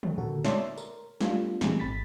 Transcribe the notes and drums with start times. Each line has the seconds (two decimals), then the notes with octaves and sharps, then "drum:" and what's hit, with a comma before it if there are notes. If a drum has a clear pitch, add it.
0.03 drum: tom
0.17 A#2 D3 F#4 A4 A#4
0.45 C#5 D5 E5 A5 C6, drum: snare
0.77 A#4, drum: tambourine
1.21 G3 A3 B3 D4 F4, drum: snare
1.61 A#2 E3 G3 A3 C4 G#4, drum: snare
1.79 G#1 B5 A6 B6